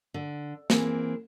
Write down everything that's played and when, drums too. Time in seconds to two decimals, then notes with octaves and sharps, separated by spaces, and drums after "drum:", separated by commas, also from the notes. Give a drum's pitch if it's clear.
0.14 D3
0.70 E3 A#3 C4 G#4, drum: snare